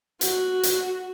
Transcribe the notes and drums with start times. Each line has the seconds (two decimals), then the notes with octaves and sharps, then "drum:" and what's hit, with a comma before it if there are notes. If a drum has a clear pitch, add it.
0.21 F#4, drum: hi-hat
0.63 drum: hi-hat